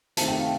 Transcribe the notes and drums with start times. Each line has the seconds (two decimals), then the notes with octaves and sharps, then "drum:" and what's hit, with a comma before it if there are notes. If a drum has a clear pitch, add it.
0.17 C3 D#3 A3 A5, drum: hi-hat
0.28 G5
0.39 F5